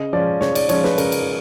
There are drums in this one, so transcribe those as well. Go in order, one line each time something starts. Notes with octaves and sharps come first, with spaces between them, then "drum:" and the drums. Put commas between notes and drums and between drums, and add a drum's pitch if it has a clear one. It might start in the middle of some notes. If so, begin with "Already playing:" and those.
Already playing: C#3 D#5
F3 G#3 C#4 D5
C#3 C#5, drum: snare
D5, drum: cymbal
F3 G#3 C#4 C#5, drum: cymbal
B4, drum: snare
C#3 A#4, drum: cymbal
drum: cymbal